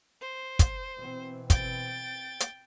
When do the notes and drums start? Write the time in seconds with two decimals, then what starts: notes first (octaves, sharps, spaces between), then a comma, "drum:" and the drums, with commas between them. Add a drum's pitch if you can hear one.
0.21 C5
0.59 drum: kick, hi-hat
0.97 B2 E3 C4
1.50 G5 A6, drum: kick, hi-hat
2.40 drum: hi-hat